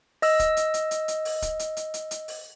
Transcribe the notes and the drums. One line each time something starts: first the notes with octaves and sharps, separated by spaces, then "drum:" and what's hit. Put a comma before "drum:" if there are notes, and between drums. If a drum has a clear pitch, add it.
D#5 E6, drum: open hi-hat
drum: kick D1, hi-hat
drum: hi-hat
drum: hi-hat
drum: hi-hat
drum: hi-hat
drum: open hi-hat
drum: kick D1, hi-hat
drum: hi-hat
drum: hi-hat
drum: hi-hat
drum: hi-hat
drum: open hi-hat